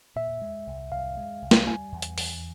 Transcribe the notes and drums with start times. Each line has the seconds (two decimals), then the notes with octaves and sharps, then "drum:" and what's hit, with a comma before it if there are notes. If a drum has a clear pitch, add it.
0.16 A#2 E5
0.41 G#3
0.67 C2
0.92 C2 F5
1.17 G#3
1.42 C2
1.51 drum: snare
1.67 G3 G#5
1.92 E2
2.02 drum: hi-hat
2.18 E2, drum: open hi-hat